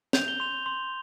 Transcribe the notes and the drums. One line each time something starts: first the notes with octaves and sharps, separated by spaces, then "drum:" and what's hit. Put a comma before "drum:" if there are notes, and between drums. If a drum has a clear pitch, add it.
G6 F7, drum: snare
G7
C6 F7
C6